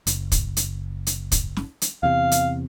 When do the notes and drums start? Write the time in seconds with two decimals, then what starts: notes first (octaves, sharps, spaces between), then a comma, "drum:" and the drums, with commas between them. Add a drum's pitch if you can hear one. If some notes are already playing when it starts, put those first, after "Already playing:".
0.07 F#1, drum: hi-hat
0.32 drum: kick, hi-hat
0.57 drum: hi-hat
1.07 drum: hi-hat
1.32 drum: kick, hi-hat
1.57 drum: snare
1.82 drum: hi-hat
2.03 E2 C3 F5
2.32 drum: hi-hat